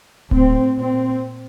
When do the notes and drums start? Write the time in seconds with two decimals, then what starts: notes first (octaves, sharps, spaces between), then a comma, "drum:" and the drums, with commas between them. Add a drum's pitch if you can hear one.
0.31 A2 C4, drum: kick D1
0.78 A#2 C4